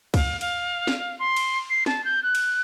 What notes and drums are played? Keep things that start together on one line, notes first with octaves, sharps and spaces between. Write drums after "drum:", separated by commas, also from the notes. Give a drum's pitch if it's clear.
F5, drum: kick, cymbal
F5, drum: cymbal
drum: snare
C6
drum: cymbal
C7
A5, drum: snare
G6
F#6
drum: cymbal